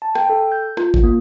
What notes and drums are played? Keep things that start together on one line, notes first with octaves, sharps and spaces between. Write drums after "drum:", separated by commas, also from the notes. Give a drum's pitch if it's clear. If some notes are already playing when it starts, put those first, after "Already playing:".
A5
G5, drum: rim click
A4
G6
F4, drum: rim click
drum: kick
A#3